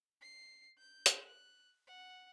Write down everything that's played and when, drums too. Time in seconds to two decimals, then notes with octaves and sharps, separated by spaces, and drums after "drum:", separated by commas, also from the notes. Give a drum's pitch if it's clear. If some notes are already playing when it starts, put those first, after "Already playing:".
0.21 C7
0.78 G6
1.06 drum: hi-hat
1.26 F#6
1.87 F#5